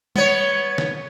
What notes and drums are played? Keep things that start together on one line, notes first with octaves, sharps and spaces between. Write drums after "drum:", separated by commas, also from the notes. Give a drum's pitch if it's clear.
B3 C#5, drum: tom G3
drum: snare